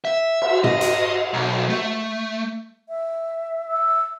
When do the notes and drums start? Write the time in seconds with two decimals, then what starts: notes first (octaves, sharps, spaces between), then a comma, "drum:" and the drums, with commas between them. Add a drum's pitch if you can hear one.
0.05 E5
0.42 drum: cymbal
0.64 D#5, drum: tom
0.81 drum: hi-hat
1.34 B1
1.69 A3
2.89 E5
3.69 E6